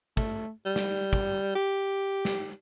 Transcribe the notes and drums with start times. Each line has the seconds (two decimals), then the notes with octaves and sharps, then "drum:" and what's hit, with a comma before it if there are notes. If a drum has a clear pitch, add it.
0.17 A3, drum: kick
0.65 G3
0.76 drum: snare
1.13 drum: kick
1.55 G4
2.25 drum: snare